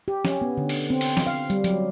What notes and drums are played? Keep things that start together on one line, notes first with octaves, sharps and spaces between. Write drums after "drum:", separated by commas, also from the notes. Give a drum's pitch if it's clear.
G4
C#4, drum: snare
B3
D3
drum: open hi-hat
C4
drum: open hi-hat
drum: snare
F5
G3, drum: hi-hat
F#3, drum: hi-hat